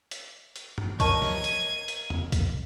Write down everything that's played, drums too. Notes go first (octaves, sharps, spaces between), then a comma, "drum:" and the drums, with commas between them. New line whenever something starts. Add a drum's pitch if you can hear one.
drum: hi-hat
drum: hi-hat
drum: tom
A#4 C#5 D#5 A5 C#6 G#6 D#7, drum: kick, hi-hat
drum: snare
drum: hi-hat
drum: hi-hat
drum: tom E2
drum: kick, hi-hat